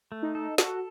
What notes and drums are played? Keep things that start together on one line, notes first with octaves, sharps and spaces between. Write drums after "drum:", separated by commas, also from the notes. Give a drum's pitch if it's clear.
A3
D#4
A4
F#4 A4, drum: snare